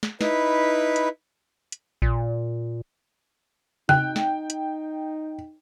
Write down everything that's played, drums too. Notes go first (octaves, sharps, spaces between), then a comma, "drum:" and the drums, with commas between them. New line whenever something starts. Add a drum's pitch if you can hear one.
drum: snare
D#4 E4 B4, drum: snare
drum: hi-hat
drum: hi-hat
A#2, drum: kick A1
D#4 G5 F#6, drum: tom C3
drum: snare
drum: hi-hat